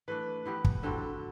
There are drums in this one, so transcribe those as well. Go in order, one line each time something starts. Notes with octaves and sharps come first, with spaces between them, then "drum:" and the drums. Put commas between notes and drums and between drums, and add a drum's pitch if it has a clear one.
E3 A3 D4 B4
E3 B3 E4 G4
drum: kick
D3 G3 C4 F#4 A4